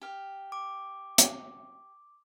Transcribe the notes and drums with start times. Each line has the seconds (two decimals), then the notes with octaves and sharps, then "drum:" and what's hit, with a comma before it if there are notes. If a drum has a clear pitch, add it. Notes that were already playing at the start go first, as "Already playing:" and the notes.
0.02 G4 F5
0.52 D6
1.18 drum: hi-hat